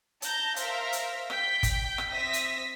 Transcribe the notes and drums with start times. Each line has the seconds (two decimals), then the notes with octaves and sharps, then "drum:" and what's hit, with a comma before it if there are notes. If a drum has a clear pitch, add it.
0.22 A5 A#5 G6 A#6, drum: hi-hat
0.56 A#4 C5 E5 F5 A#5, drum: hi-hat
0.93 drum: hi-hat
1.30 G5 G6 B6, drum: rim click
1.63 drum: kick, hi-hat
1.98 drum: rim click
2.09 C4 E5 D#6 A#6 B6
2.33 drum: hi-hat